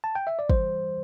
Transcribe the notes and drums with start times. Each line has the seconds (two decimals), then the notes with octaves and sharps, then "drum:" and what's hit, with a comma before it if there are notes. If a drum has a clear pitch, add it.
0.04 A5
0.15 G5
0.27 E5
0.39 D5
0.50 E3 G3 C5, drum: kick